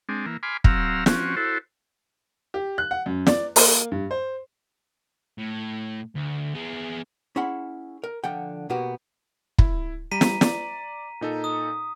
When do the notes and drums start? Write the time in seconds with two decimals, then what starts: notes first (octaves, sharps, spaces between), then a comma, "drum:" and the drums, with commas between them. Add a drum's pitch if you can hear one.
0.09 G#3 C4 D4
0.26 E3 A#3
0.43 G#5 B5 C6 D6 F6
0.64 F#3 C4 F5 A#5 E6, drum: kick
1.06 F3 C4 C#4 F#4, drum: snare
1.36 E4 F#4 A4 C5
2.54 G4
2.78 F#6
2.91 F#5
3.06 F#2
3.27 D5, drum: snare
3.56 A#3, drum: open hi-hat
3.92 G2
4.11 C5
5.39 A2
6.16 D2
6.54 B3 G#4
7.36 C#4 E4 G#4 F#5 B5 C6
8.04 A#4
8.24 D3 F3 F#5 G5
8.70 B2 A#3 B3 F#4 G4
9.58 E4, drum: kick
10.11 G3 A#5 B6 D#7
10.21 drum: snare
10.41 D5, drum: snare
11.21 A#2 D#4 A4
11.44 D#6